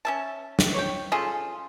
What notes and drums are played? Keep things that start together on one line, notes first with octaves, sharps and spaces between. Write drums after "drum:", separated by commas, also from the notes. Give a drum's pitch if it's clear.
C#4 E5 A5
drum: snare
C#5 G5
C#4 F4 G#4 A4